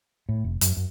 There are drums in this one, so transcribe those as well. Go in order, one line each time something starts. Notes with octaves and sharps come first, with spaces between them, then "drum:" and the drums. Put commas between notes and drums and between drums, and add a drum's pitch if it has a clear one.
A2
F1
F#2, drum: hi-hat
F#2